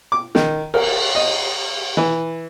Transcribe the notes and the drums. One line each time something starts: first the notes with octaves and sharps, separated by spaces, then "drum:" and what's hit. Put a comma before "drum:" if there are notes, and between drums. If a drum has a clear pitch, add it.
D6
D#3, drum: snare
A#4, drum: cymbal
D#5
E3